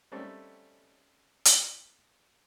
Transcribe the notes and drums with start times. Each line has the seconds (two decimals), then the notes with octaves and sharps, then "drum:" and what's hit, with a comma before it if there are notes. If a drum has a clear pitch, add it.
0.12 G3 A3 C4 C#4 D#4
1.45 drum: hi-hat